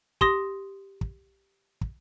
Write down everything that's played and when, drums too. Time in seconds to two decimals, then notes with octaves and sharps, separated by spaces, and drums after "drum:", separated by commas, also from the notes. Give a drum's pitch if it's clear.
0.21 G4 C6 D#6 A#6, drum: kick
1.01 drum: kick
1.81 drum: kick